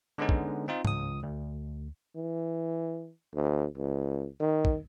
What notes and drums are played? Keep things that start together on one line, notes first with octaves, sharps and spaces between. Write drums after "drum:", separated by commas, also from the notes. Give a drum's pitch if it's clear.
D3 G#3 B3 C#4 D#4
drum: kick
C4 D#4 F4
C#2 D#6, drum: tom G#2
D2
E3
D2
C#2
D#3
drum: kick